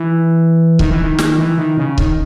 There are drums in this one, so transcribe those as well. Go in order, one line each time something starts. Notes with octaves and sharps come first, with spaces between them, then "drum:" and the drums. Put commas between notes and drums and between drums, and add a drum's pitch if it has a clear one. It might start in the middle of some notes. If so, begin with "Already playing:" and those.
Already playing: E3
D#3, drum: kick C#1
E3
D#3
drum: snare
E3
D#3
C#3
D#3, drum: kick C#1